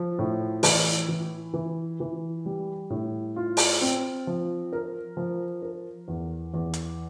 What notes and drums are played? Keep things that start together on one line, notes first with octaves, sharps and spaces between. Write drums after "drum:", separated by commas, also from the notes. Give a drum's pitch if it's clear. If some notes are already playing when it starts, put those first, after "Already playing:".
Already playing: F3
A2
E3, drum: open hi-hat
E3
E3
E3
G3
A2
F4
drum: open hi-hat
C4
F3
A#4
F3
A#4
E2
E2
drum: hi-hat